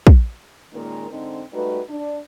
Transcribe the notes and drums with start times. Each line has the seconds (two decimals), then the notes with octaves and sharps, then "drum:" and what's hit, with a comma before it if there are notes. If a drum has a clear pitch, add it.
0.07 drum: kick
0.73 A#2 D#3 G#3 A#3 C#4 A#4
1.10 G#2 D3 C4 D#4
1.53 G3 A3 D#4 F#4 B4
1.89 D4